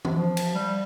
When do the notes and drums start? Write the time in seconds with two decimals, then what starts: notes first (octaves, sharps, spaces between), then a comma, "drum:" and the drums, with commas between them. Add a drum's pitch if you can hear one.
0.05 drum: tom E3
0.14 F3
0.37 drum: cymbal
0.55 G3